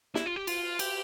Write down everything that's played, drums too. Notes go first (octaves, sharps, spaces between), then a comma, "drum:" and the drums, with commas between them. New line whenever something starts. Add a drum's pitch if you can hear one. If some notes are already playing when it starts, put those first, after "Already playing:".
E4, drum: snare
F4
G4
F4, drum: cymbal
G4, drum: cymbal